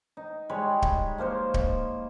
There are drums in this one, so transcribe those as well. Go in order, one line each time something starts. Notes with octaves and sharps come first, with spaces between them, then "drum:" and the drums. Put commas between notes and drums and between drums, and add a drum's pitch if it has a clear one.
D#4
G3 G#3 C#5 B5
drum: kick D1
F3 A#3 C5 C#5
drum: kick D1